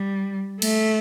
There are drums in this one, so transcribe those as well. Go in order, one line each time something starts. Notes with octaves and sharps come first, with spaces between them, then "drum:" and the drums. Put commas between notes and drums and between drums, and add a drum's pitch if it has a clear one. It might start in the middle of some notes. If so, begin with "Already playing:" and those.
Already playing: G3
A3, drum: cymbal